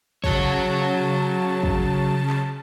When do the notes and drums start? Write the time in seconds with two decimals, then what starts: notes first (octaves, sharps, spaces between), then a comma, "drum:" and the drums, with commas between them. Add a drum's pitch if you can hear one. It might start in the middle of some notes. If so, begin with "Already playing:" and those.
0.24 C#3 F#3 C#5 A5, drum: kick
1.63 drum: kick
2.30 drum: clap